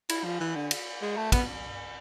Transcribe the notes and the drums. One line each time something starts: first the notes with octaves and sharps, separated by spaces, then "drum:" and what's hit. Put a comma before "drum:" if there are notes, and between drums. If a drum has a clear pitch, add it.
E4, drum: cymbal
F3
E3
D3
drum: cymbal
G#3
A3
B3, drum: kick, cymbal